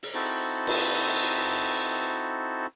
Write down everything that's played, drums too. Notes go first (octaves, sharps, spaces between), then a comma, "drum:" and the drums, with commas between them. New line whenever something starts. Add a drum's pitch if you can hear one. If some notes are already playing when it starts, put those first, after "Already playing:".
drum: open hi-hat
C4 D#4 E4 F#4 A4
drum: cymbal